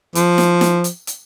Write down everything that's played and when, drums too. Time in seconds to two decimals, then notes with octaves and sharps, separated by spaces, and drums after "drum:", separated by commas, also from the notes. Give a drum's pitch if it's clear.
0.15 F3, drum: hi-hat
0.38 drum: snare
0.61 drum: snare
0.84 drum: hi-hat
1.07 drum: hi-hat